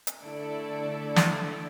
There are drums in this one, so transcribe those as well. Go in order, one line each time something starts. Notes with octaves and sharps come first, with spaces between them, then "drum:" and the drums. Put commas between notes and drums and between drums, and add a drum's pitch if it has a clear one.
drum: hi-hat
D3 A3 E4 A4 D5
drum: snare